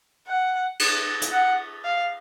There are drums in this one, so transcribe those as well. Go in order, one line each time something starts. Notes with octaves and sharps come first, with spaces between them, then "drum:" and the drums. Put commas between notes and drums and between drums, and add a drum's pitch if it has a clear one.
F#5
drum: cymbal
drum: hi-hat
F#5
F5